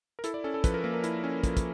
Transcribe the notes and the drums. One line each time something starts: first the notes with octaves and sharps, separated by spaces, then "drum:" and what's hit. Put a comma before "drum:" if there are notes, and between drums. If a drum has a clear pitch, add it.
A#4
E4 A4, drum: hi-hat
D5
C#4 A4
A4
F3 B4, drum: kick, hi-hat
A#4
A#3 B4
A#4
E4, drum: hi-hat
C#4
F3, drum: kick, hi-hat
drum: kick, hi-hat